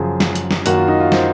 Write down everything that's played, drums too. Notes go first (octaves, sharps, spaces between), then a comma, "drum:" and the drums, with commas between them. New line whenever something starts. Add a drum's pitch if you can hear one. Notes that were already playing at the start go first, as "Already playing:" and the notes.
Already playing: F#2 C#3 F3 G#4
drum: snare
drum: hi-hat
drum: snare
F#2 D#3 F#3 A#3 F#4, drum: hi-hat
F4
D#4
F4
C5, drum: snare